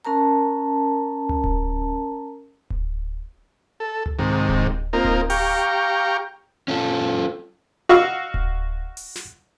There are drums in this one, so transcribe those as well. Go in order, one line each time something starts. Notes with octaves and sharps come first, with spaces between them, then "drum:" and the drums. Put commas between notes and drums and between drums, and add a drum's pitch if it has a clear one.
C#4 A#4 A5 A#5
drum: tom C2
drum: kick D1
drum: kick D1
A4
drum: tom C2
G#2 C3 D#3
drum: kick D1
A#3 C4 D#4 F4 A#4
drum: kick D1
G4 F5 G5 A#5 C#6, drum: open hi-hat
C#4 F4 A4
F#4 D#5 F5 C#6 E6
drum: kick D1
drum: open hi-hat
drum: snare